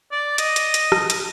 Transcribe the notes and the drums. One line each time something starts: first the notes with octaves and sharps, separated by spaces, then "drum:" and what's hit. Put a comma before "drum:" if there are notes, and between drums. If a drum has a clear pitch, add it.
D5
D#5, drum: hi-hat
drum: hi-hat
drum: hi-hat
drum: rim click
drum: hi-hat